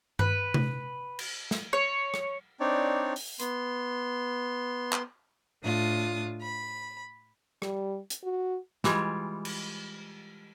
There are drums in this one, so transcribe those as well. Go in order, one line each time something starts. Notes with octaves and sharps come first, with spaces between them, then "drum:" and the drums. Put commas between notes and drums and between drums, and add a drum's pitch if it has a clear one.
B4, drum: tom G2
drum: tom C3
drum: cymbal
drum: snare
C#5
drum: rim click
C4 D4 D#4 C#5 D5
drum: open hi-hat
B3 C6, drum: hi-hat
drum: clap
A2 D4 F4 D#6
B5
G3, drum: rim click
drum: hi-hat
F#4
E3 G3 G#3 F4, drum: snare
drum: cymbal